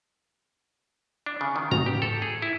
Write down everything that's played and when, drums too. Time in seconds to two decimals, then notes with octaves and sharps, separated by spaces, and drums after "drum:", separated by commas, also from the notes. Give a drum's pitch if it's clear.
1.26 D4
1.41 C#3
1.56 D#3
1.71 A#5, drum: tom
1.86 G4
2.02 A4
2.22 G#4
2.42 E4